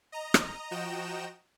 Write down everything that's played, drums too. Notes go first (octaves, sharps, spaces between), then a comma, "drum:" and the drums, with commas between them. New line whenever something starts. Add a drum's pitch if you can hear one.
D#5 A#5
drum: rim click
F3 F#4 D#5 G5 A#5 E7